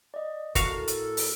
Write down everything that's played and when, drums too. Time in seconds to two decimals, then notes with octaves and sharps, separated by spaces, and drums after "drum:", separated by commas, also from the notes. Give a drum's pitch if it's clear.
0.14 D5 D#5
0.55 A2 F#4 A4 A#4 F5, drum: kick, hi-hat
0.88 drum: hi-hat
1.17 drum: open hi-hat